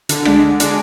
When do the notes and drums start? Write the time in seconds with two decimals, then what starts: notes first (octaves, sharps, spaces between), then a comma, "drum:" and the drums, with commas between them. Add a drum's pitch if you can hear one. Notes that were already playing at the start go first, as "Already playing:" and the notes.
0.09 D3, drum: hi-hat
0.25 G#3 D4, drum: rim click
0.43 D3
0.60 G#3 D4, drum: hi-hat